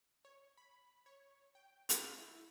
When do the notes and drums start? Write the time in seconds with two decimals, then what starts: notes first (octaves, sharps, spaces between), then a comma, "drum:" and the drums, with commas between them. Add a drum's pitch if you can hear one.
0.25 C#5
0.58 B5
1.06 C#5
1.55 G5
1.89 drum: hi-hat
2.18 E4